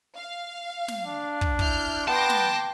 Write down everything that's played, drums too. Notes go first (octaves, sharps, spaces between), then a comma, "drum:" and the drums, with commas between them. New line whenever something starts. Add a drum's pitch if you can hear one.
F5
drum: snare
D4
drum: kick
E4 F6 G6, drum: kick
B3 G5 A5 C6 D6 A#6
drum: snare